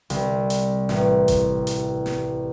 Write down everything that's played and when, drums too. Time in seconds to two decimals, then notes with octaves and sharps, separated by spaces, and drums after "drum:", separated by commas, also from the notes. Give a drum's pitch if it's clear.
0.10 C2, drum: hi-hat
0.50 drum: hi-hat
0.89 A1, drum: snare
1.28 drum: kick G1, hi-hat
1.67 drum: hi-hat
2.06 drum: snare